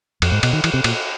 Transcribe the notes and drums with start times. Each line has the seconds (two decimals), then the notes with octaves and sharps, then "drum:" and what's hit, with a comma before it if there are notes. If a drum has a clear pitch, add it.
0.22 F2, drum: cymbal
0.32 G#2
0.43 B2, drum: cymbal
0.53 D#3
0.64 E3, drum: cymbal
0.74 C3
0.84 A#2, drum: cymbal